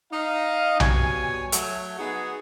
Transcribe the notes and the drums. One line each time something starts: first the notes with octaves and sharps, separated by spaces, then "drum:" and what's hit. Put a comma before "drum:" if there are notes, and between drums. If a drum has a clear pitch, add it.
D#4 D#5 F5
B2 G3 C#5 G#5, drum: tom B1
F#3 A3, drum: hi-hat
B3 D#4 F#4 G#4